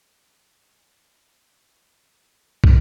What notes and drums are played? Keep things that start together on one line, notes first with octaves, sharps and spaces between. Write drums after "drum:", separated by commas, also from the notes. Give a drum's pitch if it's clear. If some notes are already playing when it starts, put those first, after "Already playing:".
Already playing: A3 B5
E3
C#4
E3
A3
E3
C#4 C6
E3
A3
E3
C#4 G#5
A5
E3 A#5
drum: kick